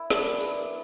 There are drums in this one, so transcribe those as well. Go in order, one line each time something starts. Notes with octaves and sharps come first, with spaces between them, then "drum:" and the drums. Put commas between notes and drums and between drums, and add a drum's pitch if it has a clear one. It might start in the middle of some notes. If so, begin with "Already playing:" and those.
Already playing: E4
F#2 E3 B3 D4, drum: snare
drum: tambourine